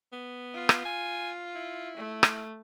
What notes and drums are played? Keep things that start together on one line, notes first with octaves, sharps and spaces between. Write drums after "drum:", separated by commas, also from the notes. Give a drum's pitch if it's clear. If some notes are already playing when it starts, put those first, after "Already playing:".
B3
F4
drum: rim click
G#5
E4
A3
drum: rim click